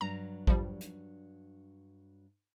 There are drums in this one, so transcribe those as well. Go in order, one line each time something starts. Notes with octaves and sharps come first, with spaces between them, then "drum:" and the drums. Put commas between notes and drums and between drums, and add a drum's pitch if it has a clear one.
G2 F#3 D4 A#5
F3 G3, drum: kick A1
drum: hi-hat